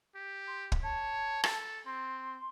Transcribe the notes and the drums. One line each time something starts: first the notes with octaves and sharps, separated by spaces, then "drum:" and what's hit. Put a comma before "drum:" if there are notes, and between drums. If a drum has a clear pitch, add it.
G4
C6
drum: kick
C#5 A5
A4, drum: rim click
C4 C6